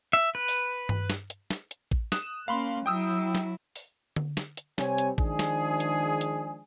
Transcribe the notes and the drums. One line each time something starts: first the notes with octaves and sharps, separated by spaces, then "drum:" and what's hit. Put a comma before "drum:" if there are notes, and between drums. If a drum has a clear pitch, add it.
E5
B4
drum: open hi-hat
drum: tom G2
drum: snare
drum: hi-hat
drum: snare
drum: hi-hat
drum: kick A1
D#6 F#6 E7, drum: snare
A#3 C#4 F5 B5 C6
F#3 E4 G5 D#6 E6
drum: snare
drum: open hi-hat
drum: tom D3
drum: snare
drum: hi-hat
C3 G3 C4 C#5 G#5, drum: snare
drum: hi-hat
D#3 F3 G#3 D4 G#4, drum: kick A1
drum: snare
drum: hi-hat
drum: hi-hat